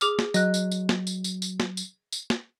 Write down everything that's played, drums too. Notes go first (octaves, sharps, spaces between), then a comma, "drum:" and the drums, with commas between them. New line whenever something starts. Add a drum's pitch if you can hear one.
G#4 D6 F6, drum: tambourine
drum: snare
F#3 D#5 F#6, drum: tambourine
drum: tambourine
drum: tambourine
drum: snare
drum: tambourine
drum: tambourine
drum: tambourine
drum: snare
drum: tambourine
drum: tambourine
drum: snare